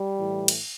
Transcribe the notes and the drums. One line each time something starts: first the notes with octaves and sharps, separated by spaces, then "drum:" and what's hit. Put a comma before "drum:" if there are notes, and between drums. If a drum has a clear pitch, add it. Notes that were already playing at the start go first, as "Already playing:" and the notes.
Already playing: G3
A2 E3
drum: cymbal